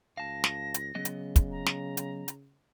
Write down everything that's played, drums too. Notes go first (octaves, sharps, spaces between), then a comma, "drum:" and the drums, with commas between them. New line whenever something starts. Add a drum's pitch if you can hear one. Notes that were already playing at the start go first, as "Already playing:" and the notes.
C#2 F5 A5 A#6
drum: snare
drum: hi-hat
C#3 F#3 B3 D#5
drum: hi-hat
drum: kick, hi-hat
A#5
drum: snare
drum: hi-hat
drum: hi-hat